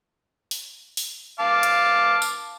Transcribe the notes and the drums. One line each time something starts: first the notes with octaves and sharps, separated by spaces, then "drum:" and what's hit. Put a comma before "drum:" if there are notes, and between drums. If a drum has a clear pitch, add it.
drum: open hi-hat
drum: open hi-hat
F5 A5 D6
drum: hi-hat
drum: tambourine